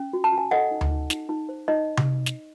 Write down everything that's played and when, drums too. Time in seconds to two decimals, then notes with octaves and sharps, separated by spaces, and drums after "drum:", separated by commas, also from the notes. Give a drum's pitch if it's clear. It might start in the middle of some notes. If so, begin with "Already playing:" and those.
Already playing: C#4
0.13 F#4
0.24 A5
0.32 F#4
0.38 G#5
0.51 A4 D#5 F#5
0.71 D#4
0.81 drum: tom D2
0.91 D#4
1.10 D#4, drum: snare
1.29 D#4
1.49 C5
1.68 D#4 D#5
1.97 drum: tom C3
2.26 drum: snare